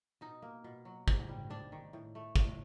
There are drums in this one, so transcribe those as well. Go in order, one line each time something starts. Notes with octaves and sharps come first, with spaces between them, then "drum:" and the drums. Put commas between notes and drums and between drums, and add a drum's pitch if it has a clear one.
B2 D#4
A#3
B2
F#3
G#2, drum: kick
G3
G#2 D4
D#3
A2
A3
A2, drum: kick